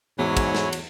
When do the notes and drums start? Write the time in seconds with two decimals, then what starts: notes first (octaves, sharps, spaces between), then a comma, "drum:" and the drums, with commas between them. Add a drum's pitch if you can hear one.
0.19 E2 G#2 F#3 E4 C#5 G#5
0.37 drum: kick, cymbal
0.55 drum: snare
0.73 drum: cymbal